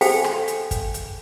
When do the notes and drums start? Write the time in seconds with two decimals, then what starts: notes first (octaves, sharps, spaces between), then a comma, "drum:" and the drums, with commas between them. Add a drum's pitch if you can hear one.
0.01 G#4 A4 C5 F5 G5 G#5, drum: open hi-hat
0.24 drum: rim click
0.48 drum: hi-hat
0.71 drum: kick, hi-hat
0.94 drum: hi-hat